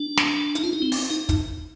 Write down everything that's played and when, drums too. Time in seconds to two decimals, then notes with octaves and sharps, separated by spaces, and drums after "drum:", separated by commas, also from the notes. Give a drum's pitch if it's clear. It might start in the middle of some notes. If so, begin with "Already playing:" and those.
Already playing: D4
0.17 drum: snare
0.55 D#4, drum: hi-hat
0.63 F4
0.73 D#4
0.82 C4
0.92 drum: open hi-hat
1.10 D#4
1.29 drum: kick, hi-hat